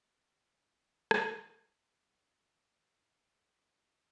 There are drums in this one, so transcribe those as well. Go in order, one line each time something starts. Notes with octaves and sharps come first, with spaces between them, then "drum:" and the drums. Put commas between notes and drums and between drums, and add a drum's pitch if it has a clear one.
G3
drum: rim click
F#6 G#6 C#7 D7 E7 F#7
A#6
A6 C7 D7 F7 G7